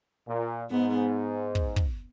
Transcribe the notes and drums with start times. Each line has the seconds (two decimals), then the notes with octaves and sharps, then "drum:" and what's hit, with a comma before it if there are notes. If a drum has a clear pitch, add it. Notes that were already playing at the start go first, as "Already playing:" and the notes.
0.27 A#2
0.70 G#2 B3
1.55 drum: kick
1.76 drum: kick